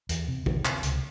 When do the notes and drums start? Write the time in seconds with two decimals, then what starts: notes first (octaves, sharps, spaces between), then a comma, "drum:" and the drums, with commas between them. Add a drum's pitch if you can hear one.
0.09 E2, drum: hi-hat
0.28 C3
0.46 E2 D#3, drum: kick
0.65 C3, drum: clap
0.83 C#2, drum: hi-hat